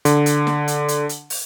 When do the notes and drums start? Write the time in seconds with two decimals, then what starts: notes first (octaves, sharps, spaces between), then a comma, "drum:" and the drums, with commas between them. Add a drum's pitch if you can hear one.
0.05 D3, drum: hi-hat
0.26 drum: hi-hat
0.47 drum: snare
0.68 drum: hi-hat
0.88 drum: hi-hat
1.09 drum: hi-hat
1.30 drum: open hi-hat